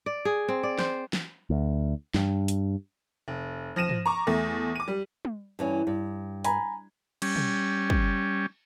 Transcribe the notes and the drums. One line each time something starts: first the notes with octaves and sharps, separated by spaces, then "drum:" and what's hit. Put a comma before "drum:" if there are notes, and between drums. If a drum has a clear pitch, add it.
D5
G#4
C4
D5
C5, drum: snare
drum: snare
D2
G2, drum: snare
drum: hi-hat
F1
F3 A#6 D#7 E7
drum: tom
A#5 C#6 D6
E2 A3
D6 D#7
G3
drum: tom
G2 E3 C#4
G2
G#5 A#5 B5, drum: hi-hat
G3 C#4, drum: cymbal
drum: tom
drum: kick